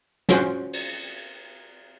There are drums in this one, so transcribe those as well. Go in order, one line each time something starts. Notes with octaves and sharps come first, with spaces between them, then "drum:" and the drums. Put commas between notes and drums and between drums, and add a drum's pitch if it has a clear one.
C#4 F4 F#4 C5, drum: snare
drum: cymbal